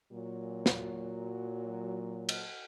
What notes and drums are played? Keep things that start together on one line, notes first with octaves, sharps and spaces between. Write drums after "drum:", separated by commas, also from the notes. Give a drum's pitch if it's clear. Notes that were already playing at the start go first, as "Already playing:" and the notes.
A#2 F#3
drum: snare
drum: cymbal